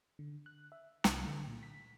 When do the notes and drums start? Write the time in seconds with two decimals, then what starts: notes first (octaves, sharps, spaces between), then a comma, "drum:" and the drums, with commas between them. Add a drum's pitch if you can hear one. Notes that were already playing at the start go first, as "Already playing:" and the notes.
0.19 D3
0.46 F#6
0.72 E5
1.04 C2, drum: snare
1.26 D3
1.47 A#2
1.63 B6